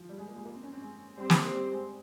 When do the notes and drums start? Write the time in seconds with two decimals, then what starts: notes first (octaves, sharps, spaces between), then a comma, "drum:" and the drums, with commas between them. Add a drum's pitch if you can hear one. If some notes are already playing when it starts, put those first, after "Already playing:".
Already playing: F3
0.09 G3
0.18 G#3
0.28 A#3
0.36 G#3
0.45 A#3
0.54 C4
0.63 C#4
0.72 C4
0.81 G#3
1.17 G3 C4 G4 C5
1.30 drum: snare
1.53 G3
1.72 G#3